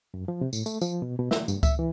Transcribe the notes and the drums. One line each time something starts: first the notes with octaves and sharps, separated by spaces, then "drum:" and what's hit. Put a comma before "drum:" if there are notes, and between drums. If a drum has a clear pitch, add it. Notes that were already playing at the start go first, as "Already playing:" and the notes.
F#2
F3
C3
A2, drum: tambourine
A3, drum: tambourine
F3, drum: tambourine
B2
B2
E5, drum: snare
G2, drum: tambourine
E5, drum: kick C#2, tambourine
E3